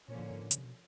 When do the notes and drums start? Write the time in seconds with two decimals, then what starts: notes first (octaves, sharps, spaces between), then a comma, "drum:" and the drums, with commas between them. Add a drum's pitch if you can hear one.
0.08 A#2 D3 F3 A#3 C#4
0.19 A2
0.30 G#2
0.42 A2
0.51 C#3, drum: hi-hat
0.58 C3
0.65 B2